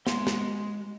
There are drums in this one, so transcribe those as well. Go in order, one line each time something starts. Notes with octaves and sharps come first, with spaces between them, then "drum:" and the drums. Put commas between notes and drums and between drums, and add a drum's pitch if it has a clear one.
G#3 C6, drum: snare
drum: snare